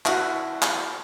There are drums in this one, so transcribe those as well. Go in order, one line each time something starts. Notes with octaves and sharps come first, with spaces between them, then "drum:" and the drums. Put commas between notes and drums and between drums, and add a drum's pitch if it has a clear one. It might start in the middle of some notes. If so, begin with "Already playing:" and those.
E4 F#4, drum: clap
drum: clap